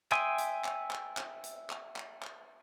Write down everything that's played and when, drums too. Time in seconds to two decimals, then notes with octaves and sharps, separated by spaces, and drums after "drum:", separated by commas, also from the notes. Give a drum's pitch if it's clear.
0.12 E5 G5 G#5 C6 D#6, drum: clap
0.38 drum: hi-hat
0.64 drum: clap
0.91 drum: clap
1.17 drum: clap
1.44 drum: hi-hat
1.70 drum: clap
1.96 drum: clap
2.23 drum: clap